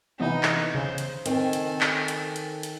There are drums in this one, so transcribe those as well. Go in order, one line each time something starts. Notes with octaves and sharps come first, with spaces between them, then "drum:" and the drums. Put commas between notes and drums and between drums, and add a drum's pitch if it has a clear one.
C3 E3 B3 D#4
drum: clap
C#3 C5
drum: hi-hat
D#3 C4 A4 G#5, drum: hi-hat
drum: hi-hat
drum: clap
drum: hi-hat
drum: hi-hat
drum: hi-hat